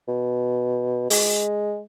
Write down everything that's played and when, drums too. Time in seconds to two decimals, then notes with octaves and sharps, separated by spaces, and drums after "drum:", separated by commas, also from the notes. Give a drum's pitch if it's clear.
0.08 B2
1.10 G#3, drum: open hi-hat